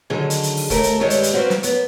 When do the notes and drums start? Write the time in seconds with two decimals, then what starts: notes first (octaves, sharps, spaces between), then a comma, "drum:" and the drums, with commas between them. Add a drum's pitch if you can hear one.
0.10 D3 D#3 F#3 D#4 G#4
0.30 drum: hi-hat
0.43 drum: hi-hat
0.57 drum: open hi-hat
0.70 D#2 A3 A#4, drum: kick E1, hi-hat
0.83 drum: hi-hat
1.00 G2 D#3 G#3 E4 G4 C#5
1.10 drum: hi-hat
1.23 drum: hi-hat
1.33 A#3 C4 C#4 F#4 B4 C5
1.50 drum: snare
1.63 F#2 B3, drum: hi-hat